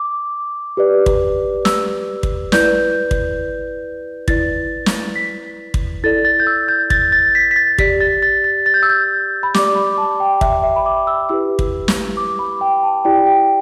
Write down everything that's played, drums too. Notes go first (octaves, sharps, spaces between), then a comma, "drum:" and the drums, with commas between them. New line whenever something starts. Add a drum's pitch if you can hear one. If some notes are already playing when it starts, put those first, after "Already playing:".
Already playing: D6
G4 B4 D5
drum: kick
E6, drum: snare
drum: kick
E4 B4 D5 G6, drum: snare
drum: kick
E4 B4 D5 A6, drum: kick
drum: snare
B6
drum: kick
E4 A4 D5 A6
A6
G6
E6
G6
A6, drum: kick
A6
B6
B6
A6
G4 D5 B6, drum: kick
A6
A6
A6
A6
G6
E6
G6
B5
G4 D5 D6, drum: snare
B5
A5
G5
E5, drum: kick
E5
B5
D6
E6
E4 G4 B4 E6
drum: kick
drum: snare
D6
B5
G5
A5
E4 G4 D5 G5
G5